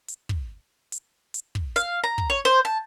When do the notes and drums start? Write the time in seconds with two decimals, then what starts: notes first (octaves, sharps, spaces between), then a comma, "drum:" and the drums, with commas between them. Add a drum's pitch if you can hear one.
0.08 drum: hi-hat
0.29 drum: kick
0.92 drum: hi-hat
1.34 drum: hi-hat
1.55 drum: kick
1.76 F5, drum: hi-hat
2.04 A#5
2.18 drum: kick
2.30 C#5
2.45 C5
2.65 A5